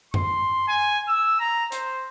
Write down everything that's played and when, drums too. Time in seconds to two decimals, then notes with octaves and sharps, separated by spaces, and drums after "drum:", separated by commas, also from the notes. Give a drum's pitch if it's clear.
0.14 C6, drum: tom F#2
0.69 G#5
1.08 E6
1.40 A#5
1.72 C5, drum: hi-hat